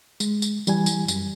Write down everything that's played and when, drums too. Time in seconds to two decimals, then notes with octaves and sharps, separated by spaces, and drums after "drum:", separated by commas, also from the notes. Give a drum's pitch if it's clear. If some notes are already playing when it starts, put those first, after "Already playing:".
0.20 G#3, drum: tambourine
0.42 drum: tambourine
0.67 E3 G3 G#5, drum: tambourine
0.86 drum: tambourine
1.08 F#2, drum: tambourine